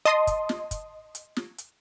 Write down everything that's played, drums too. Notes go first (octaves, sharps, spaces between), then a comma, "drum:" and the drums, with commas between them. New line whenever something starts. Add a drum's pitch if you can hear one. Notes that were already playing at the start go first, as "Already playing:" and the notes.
D#5 A5 C6 D#6
drum: kick, hi-hat
drum: snare
drum: kick, hi-hat
drum: hi-hat
drum: snare
drum: hi-hat